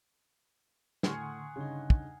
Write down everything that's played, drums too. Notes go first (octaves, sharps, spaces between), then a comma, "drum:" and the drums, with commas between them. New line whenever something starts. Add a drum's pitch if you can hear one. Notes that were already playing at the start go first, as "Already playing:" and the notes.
A2 D3 G#4 F#5 G#5 C6 C#6 F6, drum: snare
G2 C#3 D#4
drum: kick